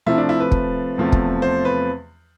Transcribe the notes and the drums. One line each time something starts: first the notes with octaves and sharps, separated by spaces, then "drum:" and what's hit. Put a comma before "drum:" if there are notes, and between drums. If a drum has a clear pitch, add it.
C3 F3 A3 E4
D4
E4
B4
drum: kick
E2 C3 F3 A3
drum: kick
C5
B4